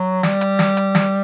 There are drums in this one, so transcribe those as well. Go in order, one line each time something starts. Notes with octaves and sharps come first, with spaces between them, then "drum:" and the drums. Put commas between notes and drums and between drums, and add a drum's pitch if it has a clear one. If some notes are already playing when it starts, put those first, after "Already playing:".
Already playing: F#3
G3, drum: snare
drum: hi-hat
drum: snare
drum: hi-hat
drum: snare